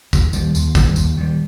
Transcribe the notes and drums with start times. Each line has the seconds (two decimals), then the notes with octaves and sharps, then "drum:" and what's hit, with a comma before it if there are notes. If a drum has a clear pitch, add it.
0.13 D#2, drum: kick, tambourine
0.33 D#3 G3, drum: tambourine
0.55 D#2, drum: tambourine
0.75 D#3 G3, drum: kick, tambourine
0.96 D#2, drum: tambourine
1.17 D#3 G3